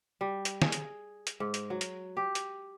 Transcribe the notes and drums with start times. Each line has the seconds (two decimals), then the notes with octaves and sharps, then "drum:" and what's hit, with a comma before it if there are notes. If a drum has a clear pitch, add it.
0.21 G3
0.45 drum: hi-hat
0.62 G#4, drum: snare
0.72 drum: hi-hat
1.27 drum: hi-hat
1.40 G#2
1.54 drum: hi-hat
1.70 F#3
1.81 drum: hi-hat
2.17 G4
2.35 drum: hi-hat